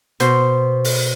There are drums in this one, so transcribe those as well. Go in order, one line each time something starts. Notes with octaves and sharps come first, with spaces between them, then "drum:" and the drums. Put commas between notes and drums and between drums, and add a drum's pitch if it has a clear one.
B2 C5, drum: hi-hat
drum: open hi-hat